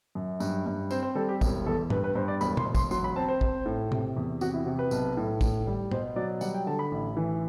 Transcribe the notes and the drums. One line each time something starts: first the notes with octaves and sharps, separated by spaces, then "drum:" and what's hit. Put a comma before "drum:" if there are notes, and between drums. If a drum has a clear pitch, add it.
F#2
G2, drum: tambourine
G2
C4 C5, drum: tambourine
C5
G3 A4
G4
E1, drum: kick, tambourine
E2 A4
G2 B4, drum: tom
B4
G2 C5
D5
E1 B5, drum: tambourine
C6, drum: tom
E1
C6, drum: kick, tambourine
F#3 C6, drum: tambourine
B5
C4 A5
C5
C4, drum: kick
A2
C3, drum: tom
E2
C3 F#4, drum: tambourine
E4
C3 F#4
B4
B1, drum: tambourine
A2
A2, drum: kick, tambourine
G3
B2 C5, drum: tom
F#3 D5
G3 F#5, drum: tambourine
G5
D3 A5
B5
A1
E3